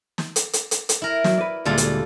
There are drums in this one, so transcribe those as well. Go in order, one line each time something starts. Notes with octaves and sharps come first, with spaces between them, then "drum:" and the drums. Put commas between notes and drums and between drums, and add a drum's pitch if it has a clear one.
drum: snare
drum: hi-hat
drum: hi-hat
drum: hi-hat
drum: hi-hat
E4 A#4
F#3, drum: snare
B4 D5
D2 A#2 G3 G#3 F4 A4
drum: hi-hat